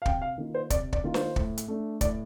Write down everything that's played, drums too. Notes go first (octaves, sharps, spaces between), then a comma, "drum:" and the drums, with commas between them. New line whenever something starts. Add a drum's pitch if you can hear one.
F5
C3 G5, drum: kick
F5
D#3 A#3 F4
C5
C3 D5, drum: kick, hi-hat
D5, drum: kick
D#3 A#3 F4
C5, drum: snare
A2, drum: kick
drum: hi-hat
A3 D4
A2 D5, drum: kick, hi-hat